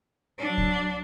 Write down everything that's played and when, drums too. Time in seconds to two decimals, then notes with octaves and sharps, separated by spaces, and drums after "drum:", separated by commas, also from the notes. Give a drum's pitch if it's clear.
0.38 F#3 D4
0.58 drum: kick C2